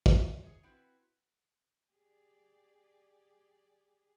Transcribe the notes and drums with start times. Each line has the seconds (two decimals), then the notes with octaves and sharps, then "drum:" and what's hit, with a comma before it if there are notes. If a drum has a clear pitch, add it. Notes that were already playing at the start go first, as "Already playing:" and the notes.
0.06 C4 C5, drum: kick
0.43 G#4 C#5
0.63 C4 E4 F#4 B4
1.92 G4 G#4 D5